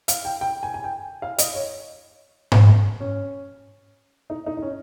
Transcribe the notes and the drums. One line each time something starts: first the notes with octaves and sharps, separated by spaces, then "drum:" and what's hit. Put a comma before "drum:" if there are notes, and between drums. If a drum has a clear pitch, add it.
F5, drum: hi-hat
G5
G5
G#5
G#5
G5
F5
D#5, drum: hi-hat
C#5
drum: tom G#2
C#4
D#4
D#4
D#4
C#4